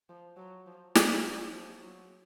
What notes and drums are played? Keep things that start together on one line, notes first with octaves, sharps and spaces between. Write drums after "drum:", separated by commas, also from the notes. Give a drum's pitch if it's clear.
F3
F#3
F3
F3, drum: snare
F#3
F3
F#3